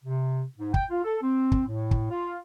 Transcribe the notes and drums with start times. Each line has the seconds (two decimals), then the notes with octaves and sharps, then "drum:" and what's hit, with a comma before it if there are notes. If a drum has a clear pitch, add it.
0.04 C3
0.58 G#2
0.74 G5, drum: kick
0.91 F4
1.05 A4
1.23 C4
1.52 drum: kick
1.67 A2
1.91 drum: kick
2.11 F4